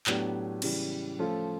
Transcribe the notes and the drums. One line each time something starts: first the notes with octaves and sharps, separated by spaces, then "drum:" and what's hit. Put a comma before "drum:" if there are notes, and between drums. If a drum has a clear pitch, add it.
A2 F#3 B3 D4 G4, drum: clap
C#3 E3 G3, drum: cymbal
F3 A3 C#4 F4 A4